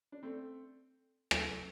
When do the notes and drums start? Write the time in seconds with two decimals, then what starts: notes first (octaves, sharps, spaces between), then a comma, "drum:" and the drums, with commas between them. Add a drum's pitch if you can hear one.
0.12 D4
0.23 A3 C4
1.31 F#3 A3, drum: rim click